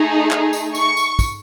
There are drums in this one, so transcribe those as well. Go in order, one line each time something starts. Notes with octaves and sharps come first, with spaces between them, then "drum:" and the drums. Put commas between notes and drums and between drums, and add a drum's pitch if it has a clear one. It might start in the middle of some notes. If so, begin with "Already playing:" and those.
Already playing: A3 D#4 G#4
drum: clap
drum: tambourine
C#6, drum: tambourine
drum: tambourine
drum: kick, tambourine